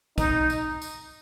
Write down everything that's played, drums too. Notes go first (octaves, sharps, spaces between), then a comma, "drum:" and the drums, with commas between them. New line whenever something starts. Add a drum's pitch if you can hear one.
D#4, drum: kick, tambourine
drum: tambourine
drum: tambourine